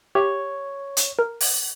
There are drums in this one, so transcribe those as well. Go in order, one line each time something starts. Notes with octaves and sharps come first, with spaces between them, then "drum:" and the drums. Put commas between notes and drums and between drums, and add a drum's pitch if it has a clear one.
G4 C#5 E5
drum: hi-hat
A#4
drum: open hi-hat